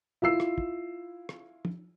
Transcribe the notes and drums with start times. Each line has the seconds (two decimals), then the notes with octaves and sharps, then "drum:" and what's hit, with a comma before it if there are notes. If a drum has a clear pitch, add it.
0.22 E4 F4 E6 C7
0.40 drum: rim click
0.58 drum: kick
1.29 drum: rim click
1.65 drum: tom